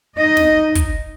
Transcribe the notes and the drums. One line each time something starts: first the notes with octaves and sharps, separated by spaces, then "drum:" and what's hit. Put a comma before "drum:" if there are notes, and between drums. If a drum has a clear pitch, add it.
D#4 D#5
drum: snare
drum: kick, hi-hat